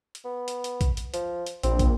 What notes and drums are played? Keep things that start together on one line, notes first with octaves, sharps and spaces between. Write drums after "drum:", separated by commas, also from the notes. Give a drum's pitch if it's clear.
drum: hi-hat
B3
drum: hi-hat
drum: hi-hat
drum: kick, hi-hat
drum: hi-hat
F3, drum: hi-hat
drum: hi-hat
A#1 C4, drum: hi-hat
drum: kick, hi-hat